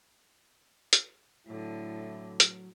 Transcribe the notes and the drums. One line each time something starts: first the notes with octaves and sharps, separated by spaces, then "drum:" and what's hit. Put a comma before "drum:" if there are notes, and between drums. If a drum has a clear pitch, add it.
drum: hi-hat
A2 D3 F#3 E4
drum: hi-hat